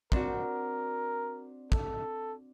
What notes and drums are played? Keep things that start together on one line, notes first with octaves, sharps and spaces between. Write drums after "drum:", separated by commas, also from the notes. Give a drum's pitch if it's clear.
C4 D4 F#4 A#4, drum: kick
A4, drum: kick